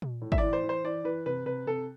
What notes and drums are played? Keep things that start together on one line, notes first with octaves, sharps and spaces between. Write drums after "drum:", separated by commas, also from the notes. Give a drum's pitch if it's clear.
drum: tom A#2
A2
E5, drum: kick
E3 D5
C5
E3
C5
E3 D5
E3 B4
C3 B4
C3 B4
C3 A4